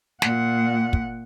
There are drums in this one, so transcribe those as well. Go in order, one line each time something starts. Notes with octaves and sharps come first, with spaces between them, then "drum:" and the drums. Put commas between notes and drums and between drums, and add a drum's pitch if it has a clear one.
A#2 F#5, drum: snare
drum: kick